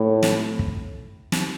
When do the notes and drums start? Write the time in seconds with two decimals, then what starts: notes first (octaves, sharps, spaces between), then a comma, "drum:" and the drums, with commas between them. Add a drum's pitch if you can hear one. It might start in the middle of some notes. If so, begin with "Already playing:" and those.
Already playing: A2
0.23 drum: snare
0.59 drum: kick
1.32 drum: snare